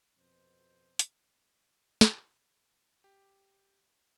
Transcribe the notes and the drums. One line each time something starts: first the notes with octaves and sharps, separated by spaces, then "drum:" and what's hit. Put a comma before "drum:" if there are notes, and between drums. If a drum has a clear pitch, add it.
F2 B2 C5
drum: hi-hat
drum: snare
G4